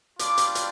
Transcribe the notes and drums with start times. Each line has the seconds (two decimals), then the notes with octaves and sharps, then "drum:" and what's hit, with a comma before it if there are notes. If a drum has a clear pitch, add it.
0.19 G3 D4 F4 D6, drum: hi-hat
0.38 drum: hi-hat
0.55 drum: hi-hat